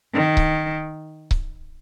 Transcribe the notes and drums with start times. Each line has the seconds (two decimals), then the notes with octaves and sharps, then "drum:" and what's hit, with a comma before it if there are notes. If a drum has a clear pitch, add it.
0.14 D#3
0.37 drum: kick C#1
1.31 drum: kick C#1